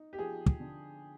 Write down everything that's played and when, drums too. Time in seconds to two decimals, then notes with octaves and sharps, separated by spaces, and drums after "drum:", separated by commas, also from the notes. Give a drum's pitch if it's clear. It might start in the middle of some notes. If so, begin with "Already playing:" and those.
Already playing: D#4
0.13 G4
0.18 F3 G#4
0.46 drum: kick
0.60 D3